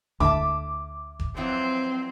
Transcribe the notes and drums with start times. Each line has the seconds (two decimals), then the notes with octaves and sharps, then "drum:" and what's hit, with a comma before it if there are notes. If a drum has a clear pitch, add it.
0.20 D2 D3 E5 A5 D6, drum: kick E1
1.19 drum: kick E1
1.37 F2 E3 F#3 C4